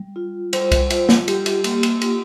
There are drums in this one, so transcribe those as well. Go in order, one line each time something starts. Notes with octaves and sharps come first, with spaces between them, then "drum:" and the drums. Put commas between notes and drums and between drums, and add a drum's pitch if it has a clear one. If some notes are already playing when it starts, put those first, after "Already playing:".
Already playing: G3
F4
G3 C5, drum: cymbal
drum: kick C2, cymbal
F4, drum: cymbal
drum: snare
G3 G4, drum: cymbal
drum: cymbal
A#3, drum: cymbal
drum: cymbal
F4 G4, drum: cymbal